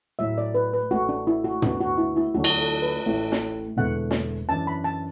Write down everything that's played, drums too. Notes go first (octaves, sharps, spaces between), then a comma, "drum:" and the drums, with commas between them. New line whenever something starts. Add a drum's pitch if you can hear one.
A2 F#3 A3 E4 E5
D5
B4
B4
A1 A2 A3 F#4
D4
E4
F#4
D2 D3 B3 D4 F#4, drum: tom
F#4
E4
E4
D2 D3 F#3 A3 D4 F#4
drum: cymbal
A4
B4
A1 A2 A3 E4
drum: snare
E1 E2 D3 A3 F#5
drum: snare
F#2 E3 D4 A5
B5
A5